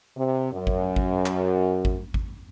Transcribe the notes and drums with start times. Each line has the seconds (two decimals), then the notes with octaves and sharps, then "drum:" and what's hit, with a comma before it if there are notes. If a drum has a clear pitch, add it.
0.16 C3
0.52 F#2
0.67 drum: kick G#1
0.96 drum: kick G#1
1.26 drum: clap
1.85 drum: kick G#1
2.14 drum: kick G#1